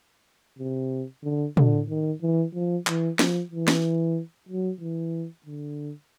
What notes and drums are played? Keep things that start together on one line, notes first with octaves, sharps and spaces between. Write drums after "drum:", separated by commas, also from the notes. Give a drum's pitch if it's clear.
C3
D3
D3, drum: tom
D#3
E3
F3
E3, drum: clap
F3, drum: snare
E3
drum: snare
F#3
E3
D3